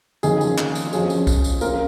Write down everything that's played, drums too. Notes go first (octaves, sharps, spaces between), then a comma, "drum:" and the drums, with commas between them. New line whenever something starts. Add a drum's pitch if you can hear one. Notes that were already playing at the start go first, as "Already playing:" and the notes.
F2 D#3 A#3 C#4 G#4, drum: tambourine
drum: tambourine
drum: clap
drum: tambourine
F4
F2 F3 C#4 G#4, drum: tambourine
drum: tambourine
drum: kick B1, tambourine
drum: tambourine
C#3 A#3 C#4 F4 A#4, drum: tambourine